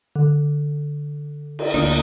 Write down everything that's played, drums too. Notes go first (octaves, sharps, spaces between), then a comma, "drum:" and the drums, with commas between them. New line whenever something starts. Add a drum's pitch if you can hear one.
D3
drum: cymbal
D2 A#3 D4 F4 D#6